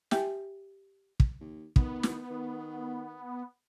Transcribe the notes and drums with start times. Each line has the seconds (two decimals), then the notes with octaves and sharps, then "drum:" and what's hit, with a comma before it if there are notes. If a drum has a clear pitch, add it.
0.11 G4 E5 G5 G#5, drum: snare
1.20 drum: kick
1.40 D#2
1.76 D#3 B3, drum: kick
2.03 drum: snare
2.30 D#3